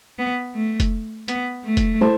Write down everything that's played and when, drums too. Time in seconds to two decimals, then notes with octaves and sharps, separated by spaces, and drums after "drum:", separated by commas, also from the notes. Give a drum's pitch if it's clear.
0.19 B3
0.55 A3
0.80 drum: kick F1, hi-hat
1.28 B3, drum: hi-hat
1.65 A3
1.77 drum: kick F1, hi-hat
2.01 A3 E4 A4 C5